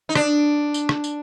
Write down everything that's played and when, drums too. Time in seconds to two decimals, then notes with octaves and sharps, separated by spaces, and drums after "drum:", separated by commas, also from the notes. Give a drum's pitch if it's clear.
0.09 D#4
0.15 D4, drum: rim click
0.74 drum: tambourine
0.89 drum: rim click
1.04 drum: tambourine